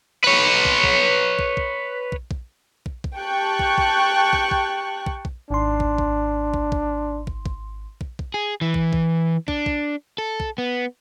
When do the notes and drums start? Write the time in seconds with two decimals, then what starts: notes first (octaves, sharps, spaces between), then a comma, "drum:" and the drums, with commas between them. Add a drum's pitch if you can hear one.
0.24 B4 C#5
0.65 drum: kick
0.84 drum: kick
1.39 drum: kick
1.57 drum: kick
2.12 drum: kick
2.31 drum: kick
2.86 drum: kick
3.04 drum: kick
3.16 G4 G5 A5 C#6 F#6
3.59 drum: kick
3.78 drum: kick
4.33 drum: kick
4.51 drum: kick
5.06 drum: kick
5.25 drum: kick
5.50 G#1 D4 C6
5.80 drum: kick
5.98 drum: kick
6.54 drum: kick
6.72 drum: kick
7.27 drum: kick
7.46 drum: kick
8.01 drum: kick
8.19 drum: kick
8.34 G#4
8.61 E3
8.74 drum: kick
8.93 drum: kick
9.48 D4, drum: kick
9.66 drum: kick
10.18 A4
10.40 drum: kick
10.58 B3